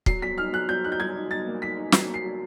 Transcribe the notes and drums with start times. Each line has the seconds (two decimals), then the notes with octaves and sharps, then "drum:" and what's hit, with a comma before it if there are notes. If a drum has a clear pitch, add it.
0.06 F#3 C7, drum: kick
0.22 F#3 B6
0.38 D#4 F6
0.53 F#3 F#6
0.69 F#3 G6
0.84 D#4 F#6
0.92 G6
1.00 F#3 G#6
1.16 D#4
1.31 D#4 A6
1.47 A#3
1.62 D#4 B6
1.77 D#4
1.92 F#3 C7, drum: snare
2.08 A#3
2.14 C7
2.24 F#3